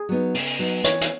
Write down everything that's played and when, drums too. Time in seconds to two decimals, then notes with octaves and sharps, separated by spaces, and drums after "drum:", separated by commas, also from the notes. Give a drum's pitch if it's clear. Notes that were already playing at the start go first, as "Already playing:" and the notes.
Already playing: G#4
0.09 F#3 B3 D#4
0.34 C#3, drum: open hi-hat
0.59 F#3 B3 D#4
0.84 E3 C#5, drum: hi-hat
1.01 drum: hi-hat